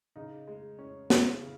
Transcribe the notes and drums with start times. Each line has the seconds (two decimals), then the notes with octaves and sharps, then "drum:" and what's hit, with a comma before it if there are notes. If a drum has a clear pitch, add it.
0.16 C#3 D#4
0.47 G#3
0.79 C#4
1.10 C#3 E4, drum: snare
1.42 C#3